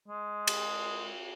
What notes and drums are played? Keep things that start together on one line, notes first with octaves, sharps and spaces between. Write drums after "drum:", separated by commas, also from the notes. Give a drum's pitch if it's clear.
G#3
drum: cymbal